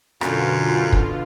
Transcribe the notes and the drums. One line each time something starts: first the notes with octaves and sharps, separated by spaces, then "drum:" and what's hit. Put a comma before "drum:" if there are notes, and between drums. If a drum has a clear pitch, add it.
F#2 B2 D3 F4, drum: rim click
drum: kick